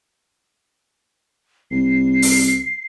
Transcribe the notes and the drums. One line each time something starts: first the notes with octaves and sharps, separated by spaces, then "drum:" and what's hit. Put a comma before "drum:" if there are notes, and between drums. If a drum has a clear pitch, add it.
C2 C7
drum: open hi-hat